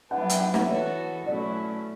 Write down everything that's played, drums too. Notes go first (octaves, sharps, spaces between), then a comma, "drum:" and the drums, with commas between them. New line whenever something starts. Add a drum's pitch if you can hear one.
F#3 B3 D4 F#5
E5
G5, drum: hi-hat
F#5
E5, drum: snare
E3 B3 F#4 A4 C#5
B2 F#3 A3 C#4 E4 D5